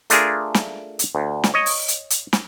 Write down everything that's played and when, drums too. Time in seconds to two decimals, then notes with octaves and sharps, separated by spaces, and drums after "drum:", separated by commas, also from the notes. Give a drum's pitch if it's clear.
0.10 A3 D4 F4 G#4 A#4, drum: hi-hat
0.54 drum: snare
0.99 drum: hi-hat
1.15 D2
1.44 drum: snare
1.54 C#5 D#5
1.66 drum: open hi-hat
1.88 drum: hi-hat
2.10 drum: hi-hat
2.33 drum: snare